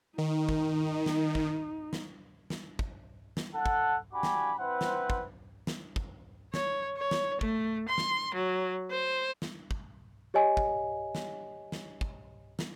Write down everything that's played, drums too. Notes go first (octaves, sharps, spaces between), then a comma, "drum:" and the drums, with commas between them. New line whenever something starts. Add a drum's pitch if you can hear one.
D#3 D#4
drum: kick
drum: snare
drum: kick
drum: snare
drum: snare
drum: kick
drum: snare
A4 F#5
drum: kick
D4 F#4 G4 G#5 B5 D6
drum: snare
C4 E4 B4 C5 F#5
drum: snare
drum: kick
drum: snare
drum: kick
C#5, drum: snare
C#5
drum: snare
A3, drum: kick
C6
drum: snare
F#3
C5
drum: snare
drum: kick
G4 C#5 D#5 G#5
drum: kick
drum: snare
drum: snare
drum: kick
drum: snare